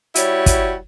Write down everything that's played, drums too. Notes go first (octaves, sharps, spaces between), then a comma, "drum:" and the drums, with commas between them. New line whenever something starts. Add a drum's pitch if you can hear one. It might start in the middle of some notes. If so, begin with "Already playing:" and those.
G3 E4 F#4 C#5, drum: hi-hat
drum: kick, hi-hat